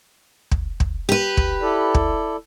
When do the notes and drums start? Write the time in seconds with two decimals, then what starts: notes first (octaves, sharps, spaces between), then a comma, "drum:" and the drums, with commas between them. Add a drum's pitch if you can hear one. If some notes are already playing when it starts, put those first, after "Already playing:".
0.51 drum: kick
0.80 drum: kick
1.09 G4 B4
1.37 drum: kick
1.62 E4 A4 D5
1.94 drum: kick